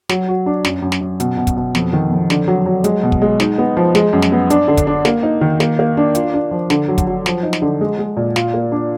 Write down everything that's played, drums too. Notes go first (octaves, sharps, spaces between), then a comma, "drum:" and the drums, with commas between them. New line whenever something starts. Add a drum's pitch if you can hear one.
F#3, drum: snare
F#4
D4
F#2, drum: snare
F#2
drum: snare
F#2
B2, drum: hi-hat
B2
drum: kick, hi-hat
B2
F2, drum: snare
D#3
F2
D3, drum: snare
F#3
F#3
G#3, drum: hi-hat
B2
drum: kick
G#3
D#4, drum: snare
B3
F3
G#3, drum: snare
F#2
drum: snare
B3
D4, drum: hi-hat
D3
drum: kick, hi-hat
D4
A#3, drum: snare
D#4
D#3
A#3, drum: snare
A#3
D4
F4, drum: hi-hat
D4
F3
D3, drum: snare
F#3
drum: kick, hi-hat
F#3
F3, drum: snare
D#4
drum: snare
D3
G#3
G#3
A#2
F4, drum: snare
A#3
D4